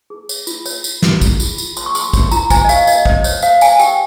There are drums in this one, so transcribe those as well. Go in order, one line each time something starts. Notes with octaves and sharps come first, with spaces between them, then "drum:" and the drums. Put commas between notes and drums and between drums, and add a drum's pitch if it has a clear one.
G#4
C#5, drum: tambourine
F4, drum: tambourine
C#5, drum: tambourine
F4, drum: tambourine
F4, drum: snare
G#4, drum: kick, tambourine
F4, drum: tambourine
F4, drum: tambourine
C#5 C6, drum: tambourine
C#6
G#4 C6, drum: tambourine
C#5 C6, drum: kick, tambourine
F4 A#5, drum: tambourine
C5 G#5, drum: kick, tambourine
D#5
G4 F5, drum: tambourine
G4 D#5, drum: tambourine
C5 D#5, drum: kick
C5 C#5, drum: tambourine
C5 F5, drum: tambourine
C5 G#5, drum: tambourine
G4 G5, drum: tambourine